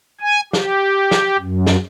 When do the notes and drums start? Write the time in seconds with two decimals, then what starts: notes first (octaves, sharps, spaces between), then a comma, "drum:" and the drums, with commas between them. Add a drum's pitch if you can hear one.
0.20 G#5
0.53 G4, drum: snare
1.11 drum: snare
1.39 F#2
1.66 drum: snare